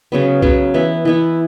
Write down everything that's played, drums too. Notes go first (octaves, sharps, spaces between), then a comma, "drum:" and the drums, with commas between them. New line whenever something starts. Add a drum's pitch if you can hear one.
C#3 F#3 B3
C#3 F#3 B3, drum: kick B1
E3 B3 E4
E3 B3 E4